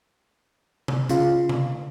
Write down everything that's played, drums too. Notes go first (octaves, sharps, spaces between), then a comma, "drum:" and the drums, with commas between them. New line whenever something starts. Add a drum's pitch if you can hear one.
drum: tom C3
C#3 F4, drum: hi-hat
drum: tom C3